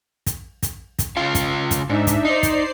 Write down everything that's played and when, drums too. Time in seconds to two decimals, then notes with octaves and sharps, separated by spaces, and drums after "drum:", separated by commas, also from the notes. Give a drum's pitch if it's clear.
0.26 drum: kick, hi-hat
0.63 drum: kick, hi-hat
0.99 drum: kick, hi-hat
1.17 C#3 F4 F5
1.35 drum: kick, hi-hat
1.71 drum: kick, hi-hat
1.89 G#2 D4 D#4 E5
2.07 drum: kick, hi-hat
2.25 D#4 C5 D5 C7
2.43 drum: kick, hi-hat